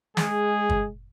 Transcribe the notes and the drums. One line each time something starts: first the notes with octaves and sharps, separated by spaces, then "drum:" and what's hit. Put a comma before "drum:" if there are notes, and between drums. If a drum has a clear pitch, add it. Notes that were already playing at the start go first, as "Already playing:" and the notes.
G#3 G#4, drum: snare
drum: kick